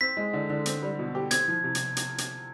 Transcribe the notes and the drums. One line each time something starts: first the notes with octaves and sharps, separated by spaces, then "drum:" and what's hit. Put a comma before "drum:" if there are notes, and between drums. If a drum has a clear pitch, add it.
C4 B6
G#3
D3
D3
C4, drum: hi-hat
G3
B2
G4
C4 G#6, drum: hi-hat
F3
C3
drum: hi-hat
drum: hi-hat
drum: hi-hat